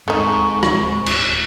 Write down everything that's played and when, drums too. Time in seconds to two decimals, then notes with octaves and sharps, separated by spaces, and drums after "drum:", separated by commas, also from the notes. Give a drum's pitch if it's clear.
0.08 D1 D#2 G#2 A3 C4 D#4 C#6
0.63 drum: rim click
1.06 drum: cymbal